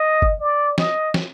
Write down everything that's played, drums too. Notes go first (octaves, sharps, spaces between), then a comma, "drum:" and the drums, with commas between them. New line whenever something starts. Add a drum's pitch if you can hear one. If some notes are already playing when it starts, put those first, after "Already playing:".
Already playing: D#5
drum: kick G1
D5
D#5, drum: snare
drum: snare